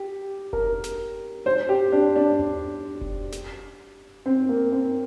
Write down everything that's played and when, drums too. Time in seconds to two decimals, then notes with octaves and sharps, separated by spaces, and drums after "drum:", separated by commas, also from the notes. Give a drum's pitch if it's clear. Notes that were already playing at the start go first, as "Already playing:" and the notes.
Already playing: G4
0.53 A#4, drum: kick F1
0.84 drum: snare
1.46 C5
1.69 G4
1.92 D4
2.16 D4
2.39 drum: tom D#2
3.01 drum: kick F1
3.32 drum: snare
4.26 C4
4.49 A#3
4.72 C4